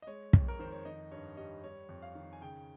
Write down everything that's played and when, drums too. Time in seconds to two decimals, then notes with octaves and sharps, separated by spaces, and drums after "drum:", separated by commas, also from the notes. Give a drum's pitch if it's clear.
0.02 D#5
0.07 G#3 C#5
0.33 F2, drum: kick
0.48 A#4
0.59 D#3 C5
0.72 C#5
0.85 D#3 D#5
1.12 G2 C#5
1.37 G3 D#5
1.64 G3 C#5
1.89 F2
2.02 F5
2.15 D#3
2.33 G#5
2.41 C#3 G5